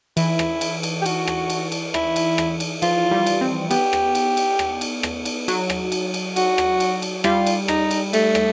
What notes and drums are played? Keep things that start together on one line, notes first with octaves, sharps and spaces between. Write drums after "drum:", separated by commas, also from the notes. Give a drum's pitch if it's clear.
E3 E4, drum: cymbal
drum: rim click
drum: cymbal
drum: cymbal
G4
F#4, drum: cymbal
drum: rim click
drum: cymbal
drum: cymbal
E4, drum: rim click
drum: cymbal
drum: rim click
drum: cymbal
F3 F4, drum: cymbal
G3
drum: cymbal
C4
B3 G4, drum: cymbal
drum: rim click
drum: cymbal
drum: cymbal
drum: rim click
drum: cymbal
drum: rim click
drum: cymbal
F#3, drum: cymbal
drum: rim click
drum: cymbal
drum: cymbal
F#4, drum: cymbal
drum: rim click
drum: cymbal
drum: cymbal
G3 F4, drum: rim click
drum: cymbal
D#4, drum: rim click
drum: cymbal
A3, drum: cymbal
drum: rim click